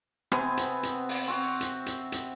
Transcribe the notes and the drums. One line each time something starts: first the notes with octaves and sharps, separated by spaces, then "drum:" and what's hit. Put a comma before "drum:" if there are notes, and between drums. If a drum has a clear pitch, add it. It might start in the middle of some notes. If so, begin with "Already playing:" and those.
C3 B3 C4 G#5, drum: rim click
drum: hi-hat
drum: hi-hat
drum: open hi-hat
C4 F#4
drum: hi-hat
drum: hi-hat
drum: hi-hat